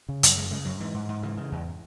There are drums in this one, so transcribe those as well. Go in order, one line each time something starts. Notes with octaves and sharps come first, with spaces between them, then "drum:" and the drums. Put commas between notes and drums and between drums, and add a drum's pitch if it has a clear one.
C#3
F#2, drum: hi-hat
F#3
C#3 G#3
C#3 G#3
F#2 F#3
G#2 E3
G#2
G#2
C#3 E3
C#3
E2